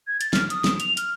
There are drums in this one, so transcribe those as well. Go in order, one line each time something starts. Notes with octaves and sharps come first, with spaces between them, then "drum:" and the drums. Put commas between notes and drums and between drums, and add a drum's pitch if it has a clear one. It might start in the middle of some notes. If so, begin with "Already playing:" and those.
G#6
A6, drum: hi-hat
F6, drum: snare
D#6, drum: hi-hat
drum: snare
F7, drum: hi-hat
F6, drum: hi-hat